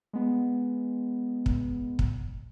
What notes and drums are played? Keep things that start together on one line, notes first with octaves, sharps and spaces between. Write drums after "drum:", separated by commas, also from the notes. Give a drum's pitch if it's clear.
G#3 B3
drum: kick
drum: kick